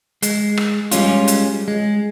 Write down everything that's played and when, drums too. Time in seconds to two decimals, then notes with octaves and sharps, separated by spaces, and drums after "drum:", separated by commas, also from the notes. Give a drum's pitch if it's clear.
0.22 G#3, drum: hi-hat
0.57 drum: rim click
0.91 G3 G#3 C#4 F4, drum: hi-hat
1.28 drum: hi-hat
1.68 G#3